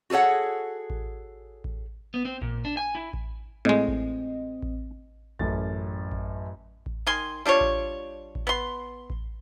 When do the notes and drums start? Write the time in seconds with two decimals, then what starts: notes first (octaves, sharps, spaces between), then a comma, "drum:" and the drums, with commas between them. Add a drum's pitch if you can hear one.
0.10 F#4 G#4 A4 C#5 F#5
0.90 drum: kick A1
1.64 drum: kick A1
2.14 B3
2.25 C4
2.42 A#2, drum: kick A1
2.65 D4
2.77 G#5
2.95 E4
3.13 drum: kick A1
3.65 A2 G#3 C4 D#5
3.88 drum: kick A1
4.63 drum: kick A1
5.39 A1 F#2 A4 A6, drum: kick A1
6.12 drum: kick A1
6.86 drum: kick A1
7.07 D#3 G#5 C6
7.46 G3 D4 F4 C#5
7.61 drum: kick A1
8.35 drum: kick A1
8.47 B3 C6
9.10 drum: kick A1